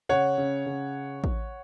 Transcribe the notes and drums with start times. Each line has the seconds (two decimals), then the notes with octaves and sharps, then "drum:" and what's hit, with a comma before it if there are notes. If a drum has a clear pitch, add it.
0.09 C#3 C#5 F#5
0.38 C#3
0.66 C#3
1.24 drum: kick